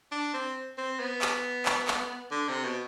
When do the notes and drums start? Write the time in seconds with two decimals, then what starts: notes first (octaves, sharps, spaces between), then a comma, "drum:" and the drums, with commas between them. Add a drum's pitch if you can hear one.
0.12 D4
0.34 C4
0.77 C4
0.99 B3
1.22 drum: clap
1.66 drum: clap
1.88 drum: clap
2.31 D3
2.49 C3
2.64 B2